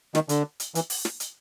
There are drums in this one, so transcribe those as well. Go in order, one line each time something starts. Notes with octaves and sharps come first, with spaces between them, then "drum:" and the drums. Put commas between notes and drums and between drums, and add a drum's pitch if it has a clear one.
D#3, drum: snare
D3, drum: hi-hat
drum: hi-hat
E3, drum: hi-hat
drum: open hi-hat
drum: snare
drum: hi-hat